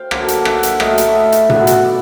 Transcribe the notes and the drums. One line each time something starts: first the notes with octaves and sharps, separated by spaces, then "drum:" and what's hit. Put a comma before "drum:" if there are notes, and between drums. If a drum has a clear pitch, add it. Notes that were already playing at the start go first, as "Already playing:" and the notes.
Already playing: C5 F5 G5
D3 F#3 A#3, drum: rim click
drum: hi-hat
E5 F#5, drum: rim click
drum: hi-hat
A2 F#3 A3 D#5 F5, drum: rim click
drum: hi-hat
E5
D#5 F5
drum: hi-hat
B2 F#3 B3 E5 F#5, drum: tom
drum: hi-hat
D5 E5